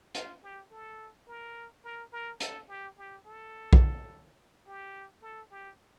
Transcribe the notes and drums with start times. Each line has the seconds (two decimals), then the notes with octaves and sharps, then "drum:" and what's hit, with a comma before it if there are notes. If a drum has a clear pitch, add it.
0.15 F4, drum: hi-hat
0.43 G4
0.71 A4
1.27 A#4
1.84 A#4
2.13 A#4
2.40 A4, drum: hi-hat
2.69 G4
2.98 G4
3.26 A4
3.73 drum: kick B1
4.67 G4
5.22 A4
5.51 G4